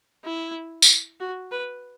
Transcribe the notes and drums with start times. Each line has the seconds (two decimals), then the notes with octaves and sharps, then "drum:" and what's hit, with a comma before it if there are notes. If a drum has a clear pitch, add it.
0.25 E4
0.82 drum: tambourine
1.20 F#4
1.51 B4